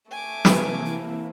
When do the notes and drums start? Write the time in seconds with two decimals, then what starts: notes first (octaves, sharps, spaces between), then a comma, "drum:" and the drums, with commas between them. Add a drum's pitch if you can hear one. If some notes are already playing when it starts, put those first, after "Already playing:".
0.11 A3 G#5 D6
0.45 C3 E3 A#3 B4, drum: snare
0.86 E4